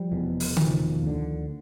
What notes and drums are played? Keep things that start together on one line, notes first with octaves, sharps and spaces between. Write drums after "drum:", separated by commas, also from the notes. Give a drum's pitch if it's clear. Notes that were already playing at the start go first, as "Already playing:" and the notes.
Already playing: F3 G3
F1 E2 B2
drum: open hi-hat
F1 E2 B2 D#3 F3, drum: tom C#3
D2 D3